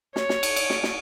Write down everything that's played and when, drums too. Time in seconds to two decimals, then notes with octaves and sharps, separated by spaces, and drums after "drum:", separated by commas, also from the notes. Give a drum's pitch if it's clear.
0.16 C#5, drum: snare
0.29 drum: snare
0.43 drum: cymbal
0.56 drum: cymbal
0.70 drum: snare
0.83 drum: snare